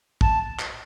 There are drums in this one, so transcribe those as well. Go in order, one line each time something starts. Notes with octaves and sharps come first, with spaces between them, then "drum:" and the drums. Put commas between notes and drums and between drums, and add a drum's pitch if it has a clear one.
A5, drum: kick
drum: clap